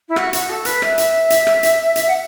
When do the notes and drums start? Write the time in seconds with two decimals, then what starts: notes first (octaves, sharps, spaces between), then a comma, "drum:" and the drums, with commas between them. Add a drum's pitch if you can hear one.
0.08 E4
0.16 F#4, drum: rim click
0.33 F#4, drum: hi-hat
0.49 A4
0.65 B4, drum: hi-hat
0.82 E5, drum: rim click
0.98 drum: hi-hat
1.30 drum: hi-hat
1.47 drum: rim click
1.63 drum: hi-hat
1.96 drum: hi-hat
2.07 F#5